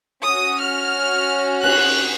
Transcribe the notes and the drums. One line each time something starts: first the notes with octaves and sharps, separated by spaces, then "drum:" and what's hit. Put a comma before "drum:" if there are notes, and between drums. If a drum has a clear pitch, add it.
C#4 F#4 D#6
F6
F#6, drum: cymbal